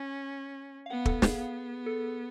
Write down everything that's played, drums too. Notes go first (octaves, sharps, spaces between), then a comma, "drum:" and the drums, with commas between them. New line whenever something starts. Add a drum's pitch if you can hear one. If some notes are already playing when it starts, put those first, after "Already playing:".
Already playing: C#4 G#5
F5
B3 F#5
A4, drum: kick
G#4, drum: snare
B3
A4